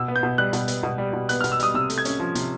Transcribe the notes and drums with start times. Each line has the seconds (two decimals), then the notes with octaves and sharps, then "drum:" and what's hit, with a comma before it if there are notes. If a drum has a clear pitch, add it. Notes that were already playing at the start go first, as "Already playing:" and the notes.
Already playing: B2 E6
0.08 B3
0.16 G6
0.23 B2
0.38 G3 F#6
0.53 B2, drum: hi-hat
0.68 B3, drum: hi-hat
0.83 B2
0.98 G3
1.13 B2
1.29 B3 F#6, drum: hi-hat
1.41 F6
1.44 B2, drum: hi-hat
1.52 E6
1.60 G3 D#6, drum: hi-hat
1.74 C3 E6
1.90 A3, drum: hi-hat
1.98 G#6
2.05 C#4, drum: hi-hat
2.20 F3
2.35 C3, drum: hi-hat